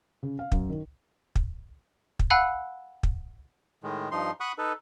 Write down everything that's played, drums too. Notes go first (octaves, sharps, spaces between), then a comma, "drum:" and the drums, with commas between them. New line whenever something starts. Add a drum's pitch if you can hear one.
C#3
F5
F#2, drum: kick
D#3
drum: kick
drum: kick
F5 F#5 G#5 B5 E6 F#6
drum: kick
A2 D#3 G#3
G2 F3 D#4 C6
F#5 B5 C#6 D#6 F#6
D#4 A4 B4